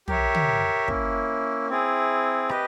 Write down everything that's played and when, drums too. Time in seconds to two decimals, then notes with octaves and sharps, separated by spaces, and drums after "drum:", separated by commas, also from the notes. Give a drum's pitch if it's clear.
0.08 G4 A#4 C#5 E5, drum: tom
0.35 drum: tom
0.88 A#3 C#4 E4, drum: kick
1.69 C4 E4 G#4
2.49 G4 B4 D#5, drum: rim click